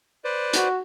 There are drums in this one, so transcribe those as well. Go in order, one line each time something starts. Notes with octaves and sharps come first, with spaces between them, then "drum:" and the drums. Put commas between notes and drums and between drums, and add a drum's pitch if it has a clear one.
B4 C5 D5
F#4, drum: hi-hat